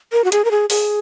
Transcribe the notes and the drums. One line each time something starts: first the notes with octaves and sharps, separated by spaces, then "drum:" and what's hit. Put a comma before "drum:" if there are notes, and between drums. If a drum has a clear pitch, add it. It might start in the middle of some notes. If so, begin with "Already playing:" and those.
A#4
F#4
G#4, drum: hi-hat
A#4
G#4
G#4, drum: open hi-hat